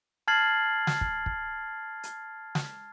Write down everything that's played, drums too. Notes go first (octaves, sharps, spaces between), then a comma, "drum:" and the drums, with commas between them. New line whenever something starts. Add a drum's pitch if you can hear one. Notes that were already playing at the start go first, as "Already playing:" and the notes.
A5 F6 G#6 A6 C7 F#7
drum: snare
drum: kick
drum: kick
drum: hi-hat
drum: snare